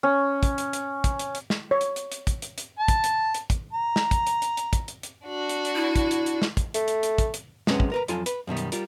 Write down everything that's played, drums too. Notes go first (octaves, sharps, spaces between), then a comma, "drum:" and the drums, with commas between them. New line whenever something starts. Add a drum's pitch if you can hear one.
C#4
drum: kick, hi-hat
drum: hi-hat
drum: hi-hat
drum: kick, hi-hat
drum: hi-hat
drum: hi-hat
drum: snare
C#5
drum: hi-hat
drum: hi-hat
drum: hi-hat
drum: kick, hi-hat
drum: hi-hat
drum: hi-hat
A5
drum: kick, hi-hat
drum: hi-hat
drum: hi-hat
drum: kick, hi-hat
A#5
drum: snare
drum: kick, hi-hat
drum: hi-hat
drum: hi-hat
drum: hi-hat
drum: kick, hi-hat
drum: hi-hat
drum: hi-hat
D4 F#4
drum: hi-hat
drum: hi-hat
E4
drum: kick, hi-hat
drum: hi-hat
drum: hi-hat
drum: snare
drum: kick, hi-hat
A3, drum: hi-hat
drum: hi-hat
drum: hi-hat
drum: kick, hi-hat
drum: hi-hat
F#2 C3 G#3 C#4 B4 F#5, drum: snare
drum: kick
A#4 B4 A#5
F2 F#3 F4 A4 G#5, drum: hi-hat
B4, drum: hi-hat
F#2 B2 D#3 G3
drum: hi-hat
G3 F4 A#4, drum: hi-hat